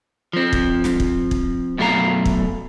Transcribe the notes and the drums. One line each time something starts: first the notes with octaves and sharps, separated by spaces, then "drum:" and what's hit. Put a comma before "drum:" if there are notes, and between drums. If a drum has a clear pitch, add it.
F3 C4
drum: kick
drum: snare
drum: kick
drum: kick
F#2 B2 A3 G4 F5 A#5
drum: kick